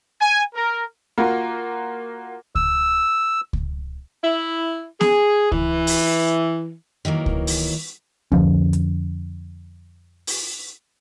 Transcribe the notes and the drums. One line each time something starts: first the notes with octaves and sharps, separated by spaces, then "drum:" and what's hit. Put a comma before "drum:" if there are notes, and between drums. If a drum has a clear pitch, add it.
G#5
A#4
A#3 F4 F#4 A#4
E6, drum: kick C#2
drum: kick C#2
E4
G#4, drum: snare B3
E3, drum: kick C#2
drum: open hi-hat
D#3 E3 F#3 A#3
drum: kick C#2
drum: open hi-hat
F2 D3 F3 C#4, drum: kick C#2
drum: hi-hat
drum: open hi-hat